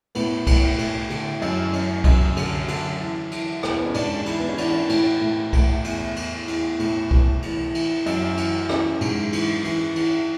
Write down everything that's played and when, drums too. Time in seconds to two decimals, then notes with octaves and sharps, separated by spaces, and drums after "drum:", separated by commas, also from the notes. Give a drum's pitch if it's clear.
0.15 A2 B3, drum: cymbal
0.47 A2, drum: kick C2, cymbal
0.78 A2, drum: cymbal
1.10 D3, drum: cymbal
1.42 F#2, drum: cymbal
1.73 F#2, drum: cymbal
2.04 F#2 C#4, drum: kick C2, cymbal
2.37 D3, drum: cymbal
2.68 D3, drum: cymbal
3.00 E3
3.31 E3, drum: cymbal
3.63 E2, drum: rim click
3.77 B3
3.86 C#4
3.94 G#2 D4, drum: cymbal
4.26 E3 E4, drum: cymbal
4.40 B3
4.49 C#4
4.58 E3 D4, drum: cymbal
4.89 A2 E4, drum: cymbal
5.21 A2
5.53 A2, drum: kick C2, cymbal
5.84 E2, drum: cymbal
6.16 E2, drum: cymbal
6.48 E2, drum: cymbal
6.79 A2, drum: cymbal
7.11 A2, drum: kick C2
7.42 E3, drum: cymbal
7.75 E3, drum: cymbal
8.06 F#2, drum: cymbal
8.37 E3, drum: cymbal
8.69 E3 C#4, drum: rim click
9.01 G#2, drum: cymbal
9.33 E3, drum: cymbal
9.64 E3, drum: cymbal
9.96 E3, drum: cymbal